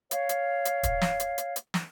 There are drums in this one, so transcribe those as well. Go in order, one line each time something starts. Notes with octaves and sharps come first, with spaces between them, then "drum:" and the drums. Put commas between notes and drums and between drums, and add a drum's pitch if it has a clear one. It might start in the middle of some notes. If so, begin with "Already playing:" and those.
C#5 F5, drum: hi-hat
drum: hi-hat
drum: hi-hat
drum: kick, hi-hat
drum: snare
drum: hi-hat
drum: hi-hat
drum: hi-hat
drum: snare